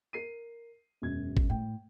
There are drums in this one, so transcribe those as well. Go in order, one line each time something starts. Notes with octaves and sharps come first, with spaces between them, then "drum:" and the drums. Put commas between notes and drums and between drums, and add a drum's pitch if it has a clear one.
A#4 C7 D#7
E1 F#2 G#6
drum: kick G#1
A2 G5